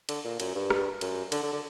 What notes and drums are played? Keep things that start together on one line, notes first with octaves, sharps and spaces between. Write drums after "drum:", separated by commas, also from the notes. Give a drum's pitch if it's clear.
D3, drum: cymbal
A#2
F#2, drum: cymbal
G2
drum: rim click
F#2, drum: cymbal
D3, drum: cymbal
D3
D3